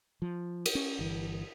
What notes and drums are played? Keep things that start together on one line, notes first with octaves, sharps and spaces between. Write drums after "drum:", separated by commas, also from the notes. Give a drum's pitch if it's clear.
F3
drum: cymbal
C#4
G1 E3